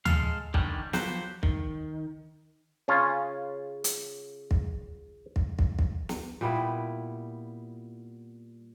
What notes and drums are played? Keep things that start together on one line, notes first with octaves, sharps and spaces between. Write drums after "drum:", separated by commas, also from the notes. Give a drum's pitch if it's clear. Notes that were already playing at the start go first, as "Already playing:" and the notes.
G#3 A4 F5, drum: tom D2
D3 D#3 G3 C#4 D4, drum: kick
F3 F#3 F#4 G4 B4 C5, drum: snare
D#3, drum: kick
C#3 C#4 F4
drum: hi-hat
drum: kick
drum: kick
drum: kick
drum: kick
drum: snare
A#2 G3 B3 E4